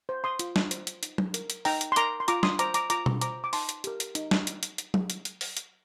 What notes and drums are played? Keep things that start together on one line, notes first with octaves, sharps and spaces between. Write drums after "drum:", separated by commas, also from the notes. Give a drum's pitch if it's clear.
C5
C6 D#6
F4, drum: hi-hat
drum: snare
C5, drum: hi-hat
drum: hi-hat
D#4, drum: hi-hat
drum: tom F#3
A#4, drum: hi-hat
drum: hi-hat
D#4 G5 A#5, drum: open hi-hat
drum: hi-hat
C6
A#4 A#5 D6, drum: hi-hat
C6
F4 A#5 D6, drum: hi-hat
C6 D#6, drum: snare
C5 A#5 D6, drum: hi-hat
A#5 D6, drum: hi-hat
F4 A#5 D6, drum: hi-hat
drum: tom B2
C5 A#5 D6, drum: hi-hat
D6
D#4 A5 C6, drum: open hi-hat
drum: hi-hat
G4 A#4, drum: hi-hat
drum: hi-hat
D#4, drum: hi-hat
drum: snare
drum: hi-hat
drum: hi-hat
drum: hi-hat
drum: tom F#3
drum: hi-hat
drum: hi-hat
drum: open hi-hat
drum: hi-hat